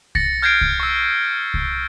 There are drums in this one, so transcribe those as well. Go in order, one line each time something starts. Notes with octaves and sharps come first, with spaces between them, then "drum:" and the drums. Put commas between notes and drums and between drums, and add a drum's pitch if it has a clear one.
A6 A#6 C#7, drum: kick C2
F6 G6 G#6 A#6 C7 D7
drum: kick C2
C#6 E6
drum: kick C2